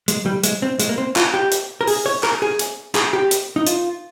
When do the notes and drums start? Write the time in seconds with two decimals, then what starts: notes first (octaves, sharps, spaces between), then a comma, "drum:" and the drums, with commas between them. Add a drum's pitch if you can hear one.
0.08 G#3, drum: hi-hat
0.26 G3
0.44 G#3, drum: hi-hat
0.62 C4
0.80 G#3, drum: hi-hat
0.89 A#3
0.98 C4
1.16 F4, drum: clap
1.34 G4
1.52 drum: hi-hat
1.81 A#4
1.88 G#4, drum: open hi-hat
2.06 C#5
2.23 A#4, drum: clap
2.42 G#4
2.59 drum: hi-hat
2.95 G#4, drum: clap
3.13 G4
3.31 drum: hi-hat
3.56 D#4
3.67 F4, drum: hi-hat